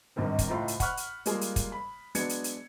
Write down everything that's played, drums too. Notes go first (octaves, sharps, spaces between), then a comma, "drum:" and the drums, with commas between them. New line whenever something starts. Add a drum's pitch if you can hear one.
G#1 C#2 G2 D#3 C4
drum: kick, hi-hat
C#2 A2 F4 C5 A#5
drum: hi-hat
F#5 B5 C#6 F6 F#6, drum: kick, hi-hat
drum: hi-hat
G3 G#3 A#3 F4 G#4, drum: hi-hat
drum: hi-hat
drum: kick, hi-hat
B5
F#3 G#3 B3 D4 G#6 C#7, drum: hi-hat
drum: hi-hat
drum: hi-hat